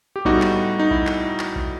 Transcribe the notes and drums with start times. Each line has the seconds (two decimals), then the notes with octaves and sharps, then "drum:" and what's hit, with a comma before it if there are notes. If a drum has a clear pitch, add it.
0.16 G4
0.25 A2 G3 B3 D#4 F#4, drum: kick A#1
0.42 drum: clap
0.79 D#4
0.91 E4, drum: kick A#1
1.07 drum: clap
1.39 drum: clap
1.56 drum: kick A#1